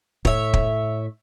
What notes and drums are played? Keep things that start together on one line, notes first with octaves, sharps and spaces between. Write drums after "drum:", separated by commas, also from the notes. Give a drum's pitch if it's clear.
A2 C#5 E5, drum: kick
drum: kick